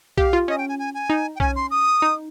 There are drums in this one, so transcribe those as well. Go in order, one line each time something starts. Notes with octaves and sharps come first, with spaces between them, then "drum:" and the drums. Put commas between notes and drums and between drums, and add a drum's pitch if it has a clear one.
G4 F5, drum: kick B1
F4
C#4 D#5
G5
G#5
G#5
G#5
D#4
G5
C#4 G#5, drum: kick B1
C6
D#6
D#4